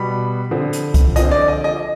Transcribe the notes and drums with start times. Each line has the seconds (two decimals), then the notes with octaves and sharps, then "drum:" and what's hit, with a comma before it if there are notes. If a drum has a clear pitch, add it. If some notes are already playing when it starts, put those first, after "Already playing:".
Already playing: B2 G3 B3 B5
0.51 D3 F3 C4
0.73 drum: hi-hat
0.94 drum: kick C2, hi-hat
1.16 D3 F3 C4 D#5, drum: hi-hat
1.31 D5
1.48 D#5
1.64 D#5